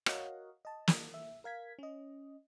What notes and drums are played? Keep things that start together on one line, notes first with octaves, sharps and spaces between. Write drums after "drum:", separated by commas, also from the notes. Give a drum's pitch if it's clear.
F#4 A#4 C#5 D#5 F5 F#5, drum: rim click
D#5 A5
drum: snare
E5
A#4 F5 G#6 B6
C#4 D#5